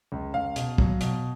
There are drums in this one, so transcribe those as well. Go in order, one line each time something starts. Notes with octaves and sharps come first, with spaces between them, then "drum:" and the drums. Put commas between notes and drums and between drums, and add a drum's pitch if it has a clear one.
C#2
C#2 F5
B2, drum: hi-hat
F#3, drum: kick
B2, drum: hi-hat